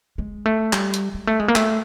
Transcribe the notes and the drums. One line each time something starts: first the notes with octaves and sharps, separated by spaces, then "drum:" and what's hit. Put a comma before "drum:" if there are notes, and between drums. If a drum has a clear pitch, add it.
G#3
A3
G3, drum: clap
drum: hi-hat
G#3
A3
G#3
A#3
A3, drum: clap